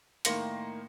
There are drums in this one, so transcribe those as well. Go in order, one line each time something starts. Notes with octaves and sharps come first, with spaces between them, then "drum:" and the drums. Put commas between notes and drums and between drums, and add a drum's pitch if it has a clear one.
A2 D#3 A#3 C6 A#6 C#7, drum: hi-hat